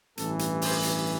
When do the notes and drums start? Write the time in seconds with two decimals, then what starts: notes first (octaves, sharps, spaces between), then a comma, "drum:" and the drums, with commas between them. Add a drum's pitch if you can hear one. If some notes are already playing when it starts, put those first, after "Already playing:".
0.18 A1 G2 E3 A4, drum: hi-hat
0.39 drum: hi-hat
0.62 C5, drum: open hi-hat
0.83 drum: hi-hat